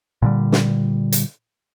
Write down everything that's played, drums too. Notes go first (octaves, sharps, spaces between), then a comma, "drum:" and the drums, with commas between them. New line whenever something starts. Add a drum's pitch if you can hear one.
A#2 D3 G3
drum: snare
drum: hi-hat